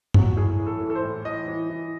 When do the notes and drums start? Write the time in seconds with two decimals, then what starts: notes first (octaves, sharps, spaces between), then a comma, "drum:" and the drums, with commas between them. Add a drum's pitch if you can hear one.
0.14 F#3 F#4, drum: tom
0.36 A2 G#4
0.58 E3
0.66 A4
0.81 E3
0.90 A4
0.95 C5
1.03 A2
1.25 E3 D#5
1.47 E3
1.70 E3